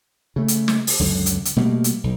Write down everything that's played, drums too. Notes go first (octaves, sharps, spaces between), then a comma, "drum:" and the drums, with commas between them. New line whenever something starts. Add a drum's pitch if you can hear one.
C#3 A3
drum: hi-hat
drum: snare
drum: open hi-hat
C#2 F#2 D3
drum: hi-hat
drum: hi-hat
B2 G3 A3 A#3
drum: hi-hat
B1